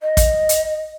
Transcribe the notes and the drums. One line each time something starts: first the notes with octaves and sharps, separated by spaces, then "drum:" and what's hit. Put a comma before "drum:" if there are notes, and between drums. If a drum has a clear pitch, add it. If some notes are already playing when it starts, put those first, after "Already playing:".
D#5
drum: kick, hi-hat
drum: hi-hat